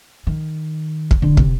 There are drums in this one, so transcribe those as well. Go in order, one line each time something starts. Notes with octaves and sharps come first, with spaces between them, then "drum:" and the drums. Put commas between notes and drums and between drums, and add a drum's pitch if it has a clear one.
D#3
drum: kick
D3
C3, drum: kick